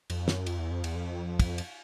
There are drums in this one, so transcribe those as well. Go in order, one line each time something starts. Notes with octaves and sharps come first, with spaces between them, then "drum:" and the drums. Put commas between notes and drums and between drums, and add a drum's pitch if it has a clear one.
F2, drum: cymbal
F#2, drum: snare
F2, drum: cymbal
E2
F2
E2, drum: cymbal
F2
drum: kick, cymbal
drum: cymbal